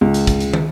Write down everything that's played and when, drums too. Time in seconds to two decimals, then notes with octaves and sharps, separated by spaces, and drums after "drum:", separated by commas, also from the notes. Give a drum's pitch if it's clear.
0.01 C#2
0.14 drum: hi-hat
0.27 drum: kick, hi-hat
0.40 drum: hi-hat
0.54 drum: tom